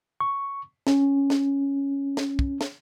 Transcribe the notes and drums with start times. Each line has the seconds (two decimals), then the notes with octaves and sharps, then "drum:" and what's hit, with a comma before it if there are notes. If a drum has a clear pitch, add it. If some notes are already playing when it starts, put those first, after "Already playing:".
0.20 C#6
0.87 C#4, drum: snare
1.30 drum: snare
2.17 drum: snare
2.39 drum: kick
2.61 drum: snare